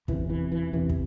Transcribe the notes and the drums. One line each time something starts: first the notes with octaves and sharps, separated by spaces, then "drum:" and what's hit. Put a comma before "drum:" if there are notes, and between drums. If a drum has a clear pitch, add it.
E2 C3 E3, drum: kick
E3
E3
E2 C3 E3
drum: kick